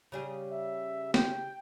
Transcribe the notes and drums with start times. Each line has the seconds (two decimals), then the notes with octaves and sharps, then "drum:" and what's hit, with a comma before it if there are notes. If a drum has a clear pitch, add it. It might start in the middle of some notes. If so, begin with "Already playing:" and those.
0.12 C#3 G3 G#4
0.51 E5
1.14 G5, drum: snare